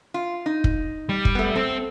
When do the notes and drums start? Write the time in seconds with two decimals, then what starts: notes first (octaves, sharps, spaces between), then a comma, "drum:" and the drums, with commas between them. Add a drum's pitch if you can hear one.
0.14 F4
0.46 D#4
0.64 drum: kick
1.09 G3
1.25 drum: kick
1.35 A3 B3
1.55 C4 A4